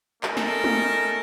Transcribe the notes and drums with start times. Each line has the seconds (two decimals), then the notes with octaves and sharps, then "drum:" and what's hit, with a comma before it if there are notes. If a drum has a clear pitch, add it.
0.23 A3 C#4 D#4 A4 A#4, drum: clap
0.37 drum: snare
0.64 drum: tom